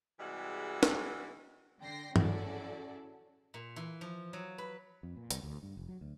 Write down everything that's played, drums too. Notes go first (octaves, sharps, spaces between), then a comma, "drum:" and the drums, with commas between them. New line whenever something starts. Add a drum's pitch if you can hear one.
C3 E3 G3 G#3 F#4 G#4
drum: snare
D3 G5 A#6 C7
C#4 E4 F#4 G#4 A4 D5, drum: tom
A#2
E3
F3
F#3
B4
F2
A#2
C2, drum: hi-hat
D2
G2
F1
F#3
D2